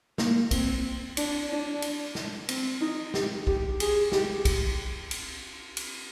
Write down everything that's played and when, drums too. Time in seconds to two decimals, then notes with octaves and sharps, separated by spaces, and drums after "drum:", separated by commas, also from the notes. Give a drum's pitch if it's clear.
0.18 A#3, drum: snare
0.51 C4, drum: kick, cymbal
1.17 D4, drum: cymbal
1.49 D4
1.82 drum: cymbal
2.15 drum: snare
2.49 C4, drum: cymbal
2.81 D#4
3.14 G4, drum: snare
3.47 G4, drum: kick
3.80 G#4, drum: cymbal
4.12 G4, drum: snare
4.45 drum: kick, cymbal
5.11 drum: cymbal
5.77 drum: cymbal